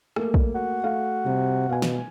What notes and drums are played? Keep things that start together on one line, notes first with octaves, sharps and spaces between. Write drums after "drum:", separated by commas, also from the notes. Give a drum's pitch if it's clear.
A3 A#3, drum: rim click
drum: kick
F#4
A3 F5
C3 G3
B2 F5 G#5
drum: snare